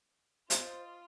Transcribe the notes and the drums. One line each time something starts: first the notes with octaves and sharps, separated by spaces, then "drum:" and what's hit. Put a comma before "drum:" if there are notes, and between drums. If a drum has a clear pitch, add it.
F4 C5 D#5, drum: hi-hat